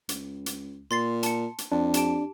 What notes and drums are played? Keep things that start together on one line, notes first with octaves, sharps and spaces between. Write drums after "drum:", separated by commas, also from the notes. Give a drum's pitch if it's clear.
C#2, drum: hi-hat
drum: hi-hat
A#2 C6 A6 C7
A5 C#7, drum: hi-hat
drum: hi-hat
F2 D4
G4 A5 D7, drum: hi-hat